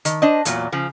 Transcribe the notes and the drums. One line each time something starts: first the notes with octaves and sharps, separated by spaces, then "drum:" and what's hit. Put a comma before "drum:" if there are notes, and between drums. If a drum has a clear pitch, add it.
D#3, drum: hi-hat
D4 C5 D#5
E2 A#2 F#3, drum: hi-hat
C#3 F3